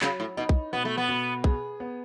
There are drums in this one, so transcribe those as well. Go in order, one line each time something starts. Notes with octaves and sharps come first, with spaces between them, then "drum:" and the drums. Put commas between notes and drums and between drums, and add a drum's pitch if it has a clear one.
C#3 F#3, drum: clap
A2
B2 D#4
drum: kick
B2 B3
A3
B3
B2
G#4, drum: kick
B3